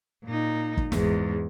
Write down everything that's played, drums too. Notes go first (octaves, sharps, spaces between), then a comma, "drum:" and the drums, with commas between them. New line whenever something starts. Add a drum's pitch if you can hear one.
A#2 D#4
drum: kick
E2 G#2, drum: snare